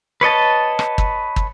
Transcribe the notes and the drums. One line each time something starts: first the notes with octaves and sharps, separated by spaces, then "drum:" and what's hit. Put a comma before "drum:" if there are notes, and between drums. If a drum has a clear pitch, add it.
B4 C#5 D#5 A5
drum: rim click
drum: kick
drum: kick